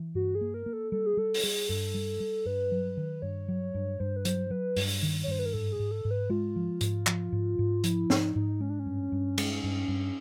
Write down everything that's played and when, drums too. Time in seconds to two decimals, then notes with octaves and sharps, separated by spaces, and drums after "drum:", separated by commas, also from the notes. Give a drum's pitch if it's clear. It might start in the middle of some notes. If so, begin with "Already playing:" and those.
Already playing: E3
0.15 G2 F#4
0.35 G#4
0.41 A#3
0.54 A#4
0.66 A#3
0.73 A4
0.92 G3 A4
1.06 G#4
1.17 G3 A4
1.34 drum: open hi-hat
1.43 G3 G#4
1.69 G2 A4
1.94 G3
2.20 G3
2.46 G2 B4
2.72 F#3
2.97 D#3
3.22 G2 C#5
3.48 F#3
3.74 G2
4.00 G2 C5
4.16 B4
4.25 F#3 C5, drum: hi-hat
4.50 F#3 B4
4.76 G2, drum: open hi-hat
5.03 D#3
5.23 C#5
5.27 G2 C5
5.39 B4
5.46 A#4
5.53 G#2 A4
5.72 G#4
5.79 G#2
5.91 A4
6.05 G#2
6.11 B4
6.30 G#3 F4
6.56 F3
6.81 G#2, drum: hi-hat
7.07 F3, drum: clap
7.32 G#2
7.59 G#2
7.84 F3 E4, drum: hi-hat
8.10 G#2 D#4, drum: snare
8.35 G#2 D#4
8.60 G#3 C#4
8.70 D4
8.79 C#4
8.86 G2
9.12 G2
9.38 G#3, drum: cymbal
9.64 G2
9.88 G2